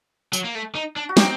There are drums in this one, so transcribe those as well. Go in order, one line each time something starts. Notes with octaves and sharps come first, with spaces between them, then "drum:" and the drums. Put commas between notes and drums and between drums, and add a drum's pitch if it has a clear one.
F#3, drum: tambourine
A#3
A3
D#4
D4
F#4
C4 D#4 G4, drum: snare